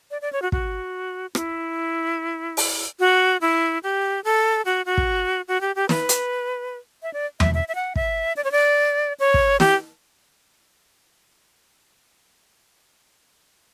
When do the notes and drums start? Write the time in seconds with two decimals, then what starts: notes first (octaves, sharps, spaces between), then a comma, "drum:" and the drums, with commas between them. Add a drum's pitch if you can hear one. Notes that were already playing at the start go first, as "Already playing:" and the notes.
0.11 D5
0.22 D5
0.33 C#5
0.42 F#4
0.52 F#4, drum: kick
1.35 E4, drum: rim click
2.57 drum: open hi-hat
3.00 F#4
3.41 E4
3.83 G4
4.24 A4
4.65 F#4
4.86 F#4
4.98 drum: kick
5.48 F#4
5.61 G4
5.76 G4
5.89 B4, drum: snare
6.09 drum: hi-hat
7.03 E5
7.13 D5
7.40 E5, drum: tom E2
7.54 E5
7.68 E5
7.75 F#5
7.96 E5, drum: kick
8.36 D5
8.44 C#5
8.52 D5
9.20 C#5
9.34 drum: kick
9.60 G4, drum: snare